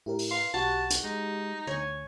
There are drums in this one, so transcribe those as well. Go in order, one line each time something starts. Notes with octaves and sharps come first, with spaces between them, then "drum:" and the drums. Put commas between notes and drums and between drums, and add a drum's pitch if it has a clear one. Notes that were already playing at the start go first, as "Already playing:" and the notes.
A2 E4 G4 A#4
drum: open hi-hat
B4 F5 C6
B1 F#4 G4 A5
drum: hi-hat
G#3 D#4
D2 C#5 G#5